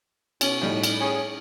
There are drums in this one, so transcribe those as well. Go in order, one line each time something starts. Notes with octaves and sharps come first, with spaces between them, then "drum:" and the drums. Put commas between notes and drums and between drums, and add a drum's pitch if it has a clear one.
B2 C#4, drum: cymbal
A2 G3 D#4
drum: cymbal
C#4 G#4